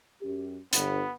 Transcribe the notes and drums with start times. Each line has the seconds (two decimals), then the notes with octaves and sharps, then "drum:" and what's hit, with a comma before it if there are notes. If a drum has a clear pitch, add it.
0.22 F#2 C#4 G4
0.73 G1 B3, drum: hi-hat